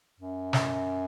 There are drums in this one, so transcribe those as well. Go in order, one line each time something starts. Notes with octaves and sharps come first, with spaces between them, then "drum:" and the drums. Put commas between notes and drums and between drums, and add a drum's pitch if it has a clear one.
F#2
drum: snare